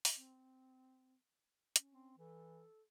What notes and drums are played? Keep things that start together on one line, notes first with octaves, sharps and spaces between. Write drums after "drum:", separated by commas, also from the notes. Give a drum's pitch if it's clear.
drum: open hi-hat
C4
C#4, drum: hi-hat
C4
E3 A4